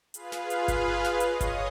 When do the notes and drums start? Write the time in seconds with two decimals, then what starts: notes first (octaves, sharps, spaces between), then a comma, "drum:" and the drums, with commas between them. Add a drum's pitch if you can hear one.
0.14 F4 G#4 B4 F5, drum: hi-hat
0.32 drum: snare
0.50 drum: hi-hat
0.68 drum: kick G1, hi-hat
1.04 drum: snare
1.20 C#5 D#5 D#6, drum: hi-hat
1.41 drum: kick G1, hi-hat